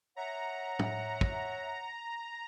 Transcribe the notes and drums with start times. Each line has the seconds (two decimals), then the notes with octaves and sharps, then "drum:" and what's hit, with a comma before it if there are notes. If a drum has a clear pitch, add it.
0.16 C#5 E5 F#5 A#5
0.79 drum: tom
1.21 drum: kick